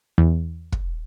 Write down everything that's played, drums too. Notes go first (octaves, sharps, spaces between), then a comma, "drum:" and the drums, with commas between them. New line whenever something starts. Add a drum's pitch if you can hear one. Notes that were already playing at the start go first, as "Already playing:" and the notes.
E2
drum: kick